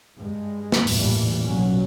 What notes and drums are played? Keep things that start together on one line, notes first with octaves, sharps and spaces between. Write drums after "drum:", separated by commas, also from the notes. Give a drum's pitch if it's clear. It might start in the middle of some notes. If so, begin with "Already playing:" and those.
G2 G#3
drum: snare
A1 E2 G2 A#2 E3 G3, drum: open hi-hat
B1 A#2 F#3 C#4